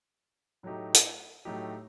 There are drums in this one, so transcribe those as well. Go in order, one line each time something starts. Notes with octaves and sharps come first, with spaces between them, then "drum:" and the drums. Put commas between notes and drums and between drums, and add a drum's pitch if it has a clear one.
A2 F#3 A3 D#4 G4
drum: hi-hat
A2 F#3 A3 D#4 G4